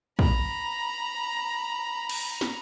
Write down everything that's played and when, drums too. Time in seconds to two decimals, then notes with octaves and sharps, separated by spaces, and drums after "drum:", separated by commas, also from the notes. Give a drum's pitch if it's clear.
0.19 A#5 B5, drum: kick
2.09 drum: cymbal
2.41 drum: snare